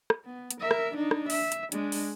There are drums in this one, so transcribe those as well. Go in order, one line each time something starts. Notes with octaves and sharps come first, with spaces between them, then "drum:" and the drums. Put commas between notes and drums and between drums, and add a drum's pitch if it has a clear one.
drum: rim click
B3
drum: hi-hat
A#4 E5
drum: rim click
D4 D#4
drum: rim click
E5, drum: open hi-hat
drum: hi-hat
G#3 D4, drum: hi-hat
drum: open hi-hat